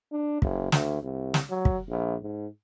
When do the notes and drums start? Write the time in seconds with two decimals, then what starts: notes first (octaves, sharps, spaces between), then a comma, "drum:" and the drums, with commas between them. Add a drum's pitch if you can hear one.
0.12 D4
0.42 F#1, drum: kick
0.72 D2, drum: snare
1.03 C2
1.34 drum: snare
1.49 F#3
1.65 drum: kick
1.89 A#1
2.22 G#2